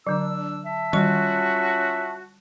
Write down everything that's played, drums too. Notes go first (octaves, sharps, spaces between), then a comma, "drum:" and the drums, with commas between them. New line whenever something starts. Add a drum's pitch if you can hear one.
D3 F#3 D4 E6
E5 A5
G3 C#4 F4 F#4 C#6, drum: tom D#3